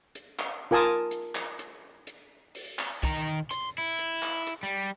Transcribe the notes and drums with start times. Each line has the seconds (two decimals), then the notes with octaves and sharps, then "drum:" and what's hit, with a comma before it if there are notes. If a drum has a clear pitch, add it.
0.15 drum: hi-hat
0.39 drum: clap
0.71 F4 A#4 G#5 A5 D#6
1.11 drum: hi-hat
1.35 drum: clap
1.59 drum: hi-hat
2.07 drum: hi-hat
2.55 drum: open hi-hat
2.79 drum: clap
3.03 D#3 A#5, drum: kick, hi-hat
3.51 C6, drum: hi-hat
3.78 E4
3.99 drum: hi-hat
4.23 drum: clap
4.47 drum: hi-hat
4.63 G3